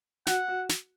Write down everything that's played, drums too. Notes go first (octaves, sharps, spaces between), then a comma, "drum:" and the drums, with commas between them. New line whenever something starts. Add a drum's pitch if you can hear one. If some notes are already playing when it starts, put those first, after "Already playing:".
F#4 F#5, drum: snare
F#4
drum: snare